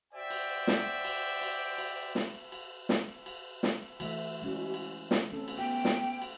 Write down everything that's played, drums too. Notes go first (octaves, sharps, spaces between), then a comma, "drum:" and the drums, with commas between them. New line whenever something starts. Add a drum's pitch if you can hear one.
F#4 C5 D5 E5 G5
drum: cymbal
drum: snare
drum: cymbal
drum: cymbal
drum: cymbal
drum: snare
drum: cymbal
drum: snare
drum: cymbal
drum: snare
E3 A3 F#4 E5, drum: cymbal
G#3 C#4 E4
drum: cymbal
drum: snare
A3 C4 C#4 A4
drum: cymbal
B3 F#4 G5
drum: snare
drum: cymbal